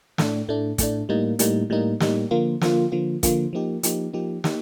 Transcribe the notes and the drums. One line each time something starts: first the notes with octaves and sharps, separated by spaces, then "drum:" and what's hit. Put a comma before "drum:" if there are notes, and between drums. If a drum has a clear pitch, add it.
A2 A3 D4, drum: snare
A2 A3 D4
A2 A3 D4, drum: kick, hi-hat
A2 G3 A#3 D#4
A2 G3 A#3 D#4, drum: hi-hat
A2 G3 A#3 D#4
A2 G3 A#3 D#4, drum: snare
D3 F3 A#3 F4
D3 F3 A#3 F4, drum: snare
D3 F3 A#3 F4
D3 F3 A#3 F4, drum: kick, hi-hat
F3 A#3 D#4 G4
F3 A#3 D#4 G4, drum: hi-hat
F3 A#3 D#4 G4
A#3 D#4 G4, drum: snare